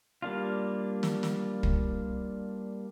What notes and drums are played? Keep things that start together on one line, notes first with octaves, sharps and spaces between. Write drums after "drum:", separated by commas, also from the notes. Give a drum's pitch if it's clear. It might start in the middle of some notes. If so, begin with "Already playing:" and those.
G3 A#3 D4 F4
drum: snare
drum: snare
drum: kick